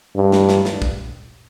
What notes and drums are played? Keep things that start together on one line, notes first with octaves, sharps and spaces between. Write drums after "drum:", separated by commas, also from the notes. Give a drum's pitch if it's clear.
G2
drum: snare
drum: snare
drum: snare
drum: kick